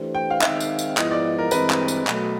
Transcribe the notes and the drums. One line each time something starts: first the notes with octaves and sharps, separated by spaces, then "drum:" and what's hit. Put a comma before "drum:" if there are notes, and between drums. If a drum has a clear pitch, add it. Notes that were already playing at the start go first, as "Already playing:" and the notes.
Already playing: E3 A3 D4 G4 C5
G5
F5
D#3 G#3 C4 D#4 E5, drum: clap
drum: tambourine
drum: tambourine
G#2 F3 G#3 B3 E4 D#5, drum: clap
D5
A#4
G2 E3 G#3 C4 B4, drum: tambourine
drum: clap
drum: tambourine
B2 F#3 A3, drum: clap